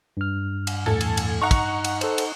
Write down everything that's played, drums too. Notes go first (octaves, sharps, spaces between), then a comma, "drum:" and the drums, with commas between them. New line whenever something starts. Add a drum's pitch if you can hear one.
G2 F6
drum: cymbal
E2 A2 A4 G#5, drum: tom G#2
drum: cymbal
drum: cymbal
D#4 F#5 A#5 C#6
drum: kick, cymbal
drum: cymbal
A4 C5, drum: cymbal
drum: cymbal